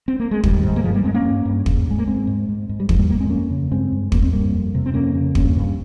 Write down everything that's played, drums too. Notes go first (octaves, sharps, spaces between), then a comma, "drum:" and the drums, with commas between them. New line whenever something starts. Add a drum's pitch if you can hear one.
C4
A#3
G#3
G#2 D#3 G3, drum: kick
G#2
A#3
G2 F3 G#3
G3 A#3
G2 G#3 C4
A#3 C#4
G2
G2
G#2, drum: kick
G#2 G#3
A#3
G#2 G#3 C4
G#2
G#2
G#2
G3
G2 F3 G#3, drum: kick
G3 A#3
G2 G3 A#3
G#3 C4
F2 A#3 C#4
C#3
G2 G#3 C4
G2
G2 A#3, drum: kick
C4
G2 G3 A#3
F2
C3
C4
F2 A#3 C#4
C#3
G2 A#3 C#4, drum: kick
G2